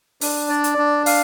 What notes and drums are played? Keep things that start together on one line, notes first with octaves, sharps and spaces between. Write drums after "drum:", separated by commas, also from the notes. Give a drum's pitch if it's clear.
D4, drum: open hi-hat
D5
drum: hi-hat
D4
F5, drum: open hi-hat